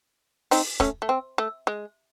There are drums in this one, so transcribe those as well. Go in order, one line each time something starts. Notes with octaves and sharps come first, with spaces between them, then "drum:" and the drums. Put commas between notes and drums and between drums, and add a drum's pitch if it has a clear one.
C4 D#4, drum: open hi-hat
A3 C#4, drum: kick
A3
C4
A3
G#3